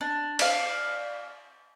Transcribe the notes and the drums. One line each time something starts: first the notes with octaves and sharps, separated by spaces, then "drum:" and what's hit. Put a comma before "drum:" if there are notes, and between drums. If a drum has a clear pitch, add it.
D4
D5 F5, drum: cymbal